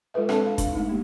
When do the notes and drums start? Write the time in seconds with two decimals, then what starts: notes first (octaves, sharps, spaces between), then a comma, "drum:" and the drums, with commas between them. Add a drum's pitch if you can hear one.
0.14 G#3 F4 A4 B4 E5
0.29 C4 D4 A4 C#5 A5, drum: rim click
0.46 F5 A5
0.58 D4, drum: kick F#1, hi-hat
0.73 G#3 A3 D4 D#4
0.89 A#3 D4 G4